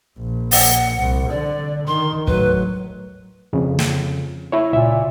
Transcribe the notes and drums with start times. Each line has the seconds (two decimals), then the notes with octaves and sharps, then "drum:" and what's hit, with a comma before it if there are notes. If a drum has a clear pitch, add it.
0.18 A#1
0.51 F#5, drum: open hi-hat
0.99 C2
1.30 D3 D5
1.87 D#3 C6
2.27 A2 F#3 B4, drum: kick
3.53 F2 C#3
3.79 drum: snare
4.52 E4 C#5
4.73 C#2 A#2 E5